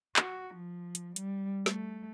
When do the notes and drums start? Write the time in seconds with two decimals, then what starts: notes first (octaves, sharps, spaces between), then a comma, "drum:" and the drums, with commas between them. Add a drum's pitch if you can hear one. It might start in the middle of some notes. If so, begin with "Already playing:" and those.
0.16 F#4, drum: clap
0.55 F3
0.95 drum: hi-hat
1.16 G3, drum: hi-hat
1.66 A3, drum: snare